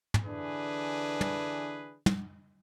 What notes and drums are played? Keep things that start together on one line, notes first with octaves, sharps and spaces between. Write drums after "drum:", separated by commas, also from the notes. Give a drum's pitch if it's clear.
drum: tom
D3 E3 D4 G#4 B4
drum: tom
drum: tom